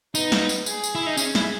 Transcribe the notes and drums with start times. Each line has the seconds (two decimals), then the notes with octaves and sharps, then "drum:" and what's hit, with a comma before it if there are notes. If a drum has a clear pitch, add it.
0.15 B3 D#4, drum: tambourine
0.32 drum: snare
0.49 drum: tambourine
0.66 G#4, drum: tambourine
0.84 drum: tambourine
0.95 E4
1.06 D#4
1.17 C#4 G#4, drum: tambourine
1.35 E4, drum: snare